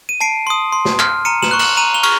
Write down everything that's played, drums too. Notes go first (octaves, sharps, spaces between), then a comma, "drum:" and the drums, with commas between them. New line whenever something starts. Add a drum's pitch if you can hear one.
D#7
A5 C7 D7
C6 D#6
C6
drum: snare
F6, drum: clap
A#5 C#7 D#7
E7 F#7, drum: snare
C#6 F#6
E7 F#7, drum: cymbal
A#5 D#7 F7
F7 G7
C#6 F6, drum: cymbal